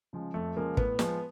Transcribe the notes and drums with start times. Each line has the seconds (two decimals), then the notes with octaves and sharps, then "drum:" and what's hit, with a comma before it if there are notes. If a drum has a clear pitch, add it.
0.13 C#3 F3 G#3
0.34 F2 A3
0.56 C#3 F3 G#3 A#3
0.77 A2 B3, drum: kick
0.99 F3 G#3, drum: snare